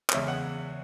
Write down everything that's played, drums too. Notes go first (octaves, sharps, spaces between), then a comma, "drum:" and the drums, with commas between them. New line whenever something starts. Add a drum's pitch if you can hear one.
C#5, drum: clap
E2 C#3 G#3 E5
F#5